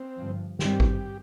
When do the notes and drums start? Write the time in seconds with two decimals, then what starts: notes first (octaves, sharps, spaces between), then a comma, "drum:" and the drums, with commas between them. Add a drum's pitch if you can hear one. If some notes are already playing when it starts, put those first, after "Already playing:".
Already playing: C4
0.18 G1 G2 F3
0.59 G2 D#3 G3 C4 G4, drum: snare
0.80 drum: kick G#1